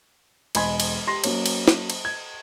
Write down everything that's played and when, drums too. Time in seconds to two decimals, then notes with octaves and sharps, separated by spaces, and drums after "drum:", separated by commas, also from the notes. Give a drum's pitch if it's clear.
0.55 E1 D#5 G#5 B5 C6 G#6, drum: cymbal
0.80 drum: cymbal
1.07 G4 C6 A#6
1.24 F#3 A#3 C#4, drum: cymbal
1.46 drum: cymbal
1.68 drum: snare
1.90 drum: cymbal
2.05 G#6